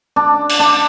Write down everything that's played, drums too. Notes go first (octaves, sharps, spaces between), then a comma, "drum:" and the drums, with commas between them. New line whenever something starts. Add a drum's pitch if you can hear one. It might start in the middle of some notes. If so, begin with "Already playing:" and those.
D4
drum: cymbal
D4